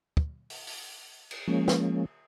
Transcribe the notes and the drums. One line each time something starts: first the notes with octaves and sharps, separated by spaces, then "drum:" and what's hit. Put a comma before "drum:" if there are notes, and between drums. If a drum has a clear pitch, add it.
drum: kick
drum: open hi-hat
drum: open hi-hat
drum: cymbal
F3 G#3 A#3 C#4
drum: snare